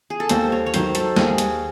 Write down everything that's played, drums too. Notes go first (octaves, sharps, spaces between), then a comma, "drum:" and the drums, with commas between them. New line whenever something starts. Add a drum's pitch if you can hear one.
G#4
A4
D#2 C5, drum: hi-hat
C#5
C#5
D#3 F#3 C5, drum: hi-hat
A4, drum: hi-hat
D#2 G#4, drum: snare
drum: hi-hat